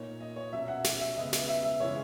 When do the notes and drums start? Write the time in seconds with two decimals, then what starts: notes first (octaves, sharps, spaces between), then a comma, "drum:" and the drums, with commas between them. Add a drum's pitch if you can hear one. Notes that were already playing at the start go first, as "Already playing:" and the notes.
Already playing: A#2 A#3 D#4 C#5
0.20 D#5
0.36 C#5
0.53 B2 F#3 C#4 E5
0.68 F#5
0.84 E5, drum: snare
1.01 E5
1.16 C#3 G#3 B3 D#5
1.33 E5, drum: snare
1.48 E5
1.64 E5
1.80 C#3 E3 G#3 C#4 C#5